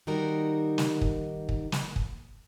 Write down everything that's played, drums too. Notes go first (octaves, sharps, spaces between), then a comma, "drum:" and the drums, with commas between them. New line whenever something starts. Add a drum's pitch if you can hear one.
D#3 G3 D#4 F#4 A#4
drum: snare
drum: kick
drum: kick
drum: snare
drum: kick